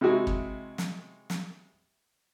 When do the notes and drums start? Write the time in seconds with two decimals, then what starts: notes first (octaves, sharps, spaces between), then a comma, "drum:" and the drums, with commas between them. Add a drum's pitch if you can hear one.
0.01 C3 G#3 D#4 E4 F#4
0.27 drum: kick
0.78 drum: snare
1.30 drum: snare